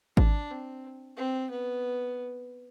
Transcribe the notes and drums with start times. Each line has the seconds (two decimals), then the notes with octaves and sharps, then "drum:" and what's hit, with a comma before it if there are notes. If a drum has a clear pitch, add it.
0.17 D4, drum: kick G#1
0.51 C4
1.17 C4
1.51 B3